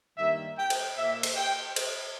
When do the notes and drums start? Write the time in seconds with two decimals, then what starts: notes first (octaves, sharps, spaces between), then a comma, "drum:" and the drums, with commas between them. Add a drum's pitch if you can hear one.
0.17 G2 D#3 G3 A#3 E5
0.57 G5
0.70 drum: cymbal
0.97 A#2 A#3 E5
1.23 drum: cymbal
1.37 G5
1.76 drum: cymbal